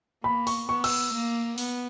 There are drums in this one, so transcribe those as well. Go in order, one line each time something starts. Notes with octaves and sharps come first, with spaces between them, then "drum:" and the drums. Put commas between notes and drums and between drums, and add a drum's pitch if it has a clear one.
A#3 B5
C#6, drum: open hi-hat
B3 C#6
E6, drum: cymbal
A#3
B3, drum: open hi-hat